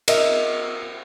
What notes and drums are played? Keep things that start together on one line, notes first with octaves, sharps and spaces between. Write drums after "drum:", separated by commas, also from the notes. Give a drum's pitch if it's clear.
A#4 D#5 E5, drum: cymbal